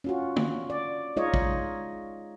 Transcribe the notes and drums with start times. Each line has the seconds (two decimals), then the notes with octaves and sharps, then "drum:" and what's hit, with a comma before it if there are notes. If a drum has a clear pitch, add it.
0.04 C#4 F4 F#4
0.36 drum: tom
0.70 D5
1.16 G#3 D#4 F4 C#5 D#5
1.34 drum: kick